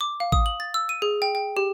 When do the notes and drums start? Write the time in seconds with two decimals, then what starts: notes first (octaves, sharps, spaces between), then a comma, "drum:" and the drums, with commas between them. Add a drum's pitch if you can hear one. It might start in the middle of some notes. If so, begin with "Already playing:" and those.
0.01 D6
0.20 F5
0.32 D#6, drum: kick
0.46 F#7
0.60 A6
0.74 E6
0.89 D#7
1.02 G#4
1.22 G5
1.35 G5
1.57 G4